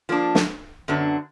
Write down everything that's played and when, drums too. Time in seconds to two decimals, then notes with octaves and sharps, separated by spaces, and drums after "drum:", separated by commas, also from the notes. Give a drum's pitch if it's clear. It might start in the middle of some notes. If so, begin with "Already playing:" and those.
0.09 F3 A#3 D4
0.35 drum: snare
0.88 F#2 D3 F#3 B3 D4